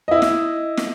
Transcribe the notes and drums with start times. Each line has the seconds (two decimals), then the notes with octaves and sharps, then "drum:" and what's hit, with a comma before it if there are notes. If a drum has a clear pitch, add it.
0.08 E4 D#5
0.22 drum: snare
0.77 drum: snare